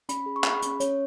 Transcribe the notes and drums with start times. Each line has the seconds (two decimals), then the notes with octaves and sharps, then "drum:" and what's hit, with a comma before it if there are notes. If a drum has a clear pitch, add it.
0.09 C#4 B5, drum: hi-hat
0.26 G#4
0.36 C#6
0.44 G#4 B5, drum: clap
0.62 C#4, drum: hi-hat
0.80 C#4 C#5, drum: hi-hat